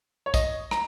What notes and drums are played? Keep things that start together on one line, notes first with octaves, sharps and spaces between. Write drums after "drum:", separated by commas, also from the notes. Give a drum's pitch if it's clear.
C#5
D#5, drum: kick, tambourine
A#5, drum: rim click